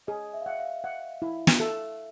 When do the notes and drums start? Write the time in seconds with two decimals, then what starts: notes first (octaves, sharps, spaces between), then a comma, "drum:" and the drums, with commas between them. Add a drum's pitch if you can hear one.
0.07 G#4 D#5
0.33 E5
0.41 F5
0.46 E5 F#5
0.59 F5
0.84 F#5
1.22 E4
1.47 drum: snare
1.60 A4 E5